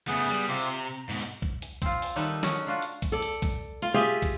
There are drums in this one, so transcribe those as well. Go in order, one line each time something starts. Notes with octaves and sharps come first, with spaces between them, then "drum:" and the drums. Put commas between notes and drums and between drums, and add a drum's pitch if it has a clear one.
C#3 A3 B3 G#4 F#5
G3
C3 C4 F4 G4
drum: hi-hat
A#5
G#2 B2
drum: hi-hat
drum: kick
drum: hi-hat
C4 F4, drum: kick, hi-hat
drum: open hi-hat
D#3 G3 D#4 A4 B4 E5
C#4 F#4 D#5, drum: snare
D4 F4 F#4
drum: hi-hat
drum: kick, hi-hat
A4 D5
drum: hi-hat
drum: kick, hi-hat
F4, drum: hi-hat
F4 G4 G#4 E5
drum: kick, hi-hat